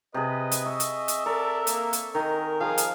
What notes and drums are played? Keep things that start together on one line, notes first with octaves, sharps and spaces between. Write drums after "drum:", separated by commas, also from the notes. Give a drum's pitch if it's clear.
C3 G#4 B4 D#5
drum: hi-hat
E5 C#6
drum: hi-hat
drum: hi-hat
A4 A#4 D5
A#3, drum: hi-hat
drum: hi-hat
D#3 A#4 D#5 G#5
F3 G#4 F5
drum: hi-hat